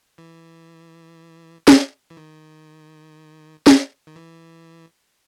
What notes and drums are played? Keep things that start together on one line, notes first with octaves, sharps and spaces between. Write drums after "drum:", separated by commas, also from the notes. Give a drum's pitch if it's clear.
E3
drum: snare
E3
D#3
drum: snare
D#3
E3